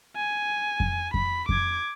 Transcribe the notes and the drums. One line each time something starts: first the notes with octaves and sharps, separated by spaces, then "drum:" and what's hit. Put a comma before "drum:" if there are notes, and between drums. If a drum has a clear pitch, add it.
G#5
drum: kick F2
B5, drum: kick F2
D6 G#6, drum: kick F2